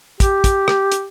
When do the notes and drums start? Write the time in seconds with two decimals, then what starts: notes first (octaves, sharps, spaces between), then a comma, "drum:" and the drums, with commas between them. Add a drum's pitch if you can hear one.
0.20 G4, drum: kick, hi-hat
0.44 drum: kick, hi-hat
0.68 drum: rim click
0.92 drum: hi-hat